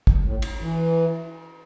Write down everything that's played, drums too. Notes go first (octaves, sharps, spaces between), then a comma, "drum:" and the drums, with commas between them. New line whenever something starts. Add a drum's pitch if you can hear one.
drum: kick
A2
drum: cymbal
E3